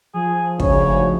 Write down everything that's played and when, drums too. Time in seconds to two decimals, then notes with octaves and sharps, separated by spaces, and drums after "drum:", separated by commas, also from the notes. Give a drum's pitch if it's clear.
0.14 F3 G#4
0.60 D2 G#2 C#3 C#5, drum: kick